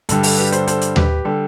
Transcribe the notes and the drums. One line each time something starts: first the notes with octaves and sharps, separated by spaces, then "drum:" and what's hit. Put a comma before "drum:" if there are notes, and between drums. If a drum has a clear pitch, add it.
G2 D3 G3 A4, drum: hi-hat
A4, drum: open hi-hat
G4 B4
A4 C5, drum: hi-hat
A4 C5, drum: hi-hat
drum: hi-hat
G4 B4, drum: tom D#2
D3 G3 A4